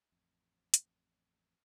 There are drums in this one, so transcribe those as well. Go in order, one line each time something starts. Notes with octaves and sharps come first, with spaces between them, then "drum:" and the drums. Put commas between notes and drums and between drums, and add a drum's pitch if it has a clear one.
A1 F2
drum: hi-hat